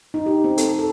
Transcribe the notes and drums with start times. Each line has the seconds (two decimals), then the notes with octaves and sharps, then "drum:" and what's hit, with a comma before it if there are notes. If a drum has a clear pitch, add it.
0.14 D#4
0.26 G4
0.44 C4
0.58 A4, drum: hi-hat
0.79 A4